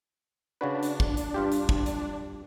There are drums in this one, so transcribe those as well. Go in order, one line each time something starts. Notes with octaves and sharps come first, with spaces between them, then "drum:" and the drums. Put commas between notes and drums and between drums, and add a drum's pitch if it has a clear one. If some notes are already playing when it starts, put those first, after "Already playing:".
C#3 D4 F#4 B4
drum: hi-hat
drum: kick
drum: hi-hat
G2 F4 G4
drum: hi-hat
drum: kick
drum: hi-hat